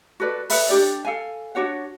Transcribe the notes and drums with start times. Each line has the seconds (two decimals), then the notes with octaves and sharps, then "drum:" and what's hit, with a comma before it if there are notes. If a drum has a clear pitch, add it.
0.20 F#4 A4 B4 D5
0.50 A4 B4 E5 B5, drum: open hi-hat
0.69 D4 D#4 G4 D5
1.05 A4 F5 G#5
1.55 D4 F#4 C#5 F#5